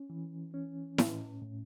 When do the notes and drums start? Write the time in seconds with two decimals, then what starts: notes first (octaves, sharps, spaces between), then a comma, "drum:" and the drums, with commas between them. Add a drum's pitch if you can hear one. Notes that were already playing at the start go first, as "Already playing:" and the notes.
Already playing: C#4
0.10 E3
0.54 C#4
0.98 A2, drum: snare E4
1.42 A2